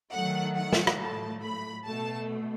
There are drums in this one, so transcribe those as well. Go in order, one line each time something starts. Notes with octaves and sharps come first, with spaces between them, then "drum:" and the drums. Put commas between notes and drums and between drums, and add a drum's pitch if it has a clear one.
D#3 F#3 A3 F#5
F#5
drum: snare
drum: rim click
A2 F#3 A3 A5
B5
B2 A3 A5